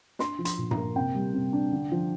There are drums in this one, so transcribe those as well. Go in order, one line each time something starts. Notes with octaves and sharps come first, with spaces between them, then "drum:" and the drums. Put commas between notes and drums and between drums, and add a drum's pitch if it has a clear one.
D4 C6, drum: snare
F3
C6, drum: hi-hat
A#2
A#5, drum: tom G2
A#3
C3 G5
G3
C3
D4
D3
F3